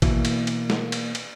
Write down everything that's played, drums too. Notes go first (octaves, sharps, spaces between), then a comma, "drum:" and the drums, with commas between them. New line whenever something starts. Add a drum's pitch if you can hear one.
B2 E3 A#3, drum: kick G#1, cymbal
drum: cymbal
drum: cymbal
drum: snare
drum: cymbal
drum: cymbal